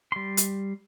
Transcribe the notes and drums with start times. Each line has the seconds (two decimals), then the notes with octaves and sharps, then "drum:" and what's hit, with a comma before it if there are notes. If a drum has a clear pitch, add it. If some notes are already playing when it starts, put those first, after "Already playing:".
0.12 G3 C6
0.37 drum: hi-hat